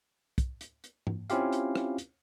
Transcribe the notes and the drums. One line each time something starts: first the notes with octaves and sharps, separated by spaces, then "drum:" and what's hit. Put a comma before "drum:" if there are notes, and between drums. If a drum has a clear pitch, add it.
drum: kick, hi-hat
drum: hi-hat
drum: hi-hat
drum: tom G#2
C4 C#4 E4 F4 G4 F5, drum: hi-hat
drum: hi-hat
drum: rim click
drum: hi-hat